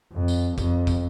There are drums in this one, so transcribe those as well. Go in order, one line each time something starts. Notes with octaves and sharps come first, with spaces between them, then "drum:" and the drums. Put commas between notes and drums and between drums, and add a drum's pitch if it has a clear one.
F2
drum: tambourine
F2, drum: kick, tambourine
drum: kick, tambourine